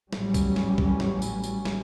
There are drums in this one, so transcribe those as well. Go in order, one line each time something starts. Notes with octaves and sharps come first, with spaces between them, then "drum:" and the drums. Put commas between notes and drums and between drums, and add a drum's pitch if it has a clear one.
A1 F#3 G3 C#4, drum: snare
drum: kick B1, tambourine
drum: snare
drum: kick B1
drum: snare
drum: tambourine
drum: tambourine
drum: snare